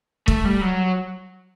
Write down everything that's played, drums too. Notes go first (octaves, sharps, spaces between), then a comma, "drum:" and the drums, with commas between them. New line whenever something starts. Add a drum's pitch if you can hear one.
A3, drum: kick
G3
F#3